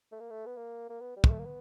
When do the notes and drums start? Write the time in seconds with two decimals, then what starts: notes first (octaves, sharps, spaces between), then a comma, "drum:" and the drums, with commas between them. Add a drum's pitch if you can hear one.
0.12 A3
0.20 A#3
0.30 A3
0.46 B3
0.57 A#3
0.89 A#3
1.01 B3
1.16 G3
1.24 G#3, drum: kick
1.31 A3
1.38 A#3
1.45 B3